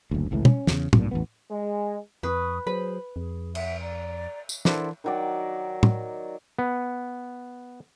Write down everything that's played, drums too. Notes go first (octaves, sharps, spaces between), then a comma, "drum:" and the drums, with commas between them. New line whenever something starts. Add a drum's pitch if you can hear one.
F#1 D2
G#1 C#2 A2 E3
C#4, drum: tom
E2 C#3, drum: snare
B1 G2 A#2, drum: tom
A1 E2 B3
G#3
F2 B4 C#6 D#6
F#3 G#4 B4 C5 B5
F2 G#4
E5 F#5, drum: cymbal
D5 A#5
drum: tambourine
E3 D4 E4 A4 A#4 C5 F#5, drum: snare
D#3 F#3 D5
drum: tom
B3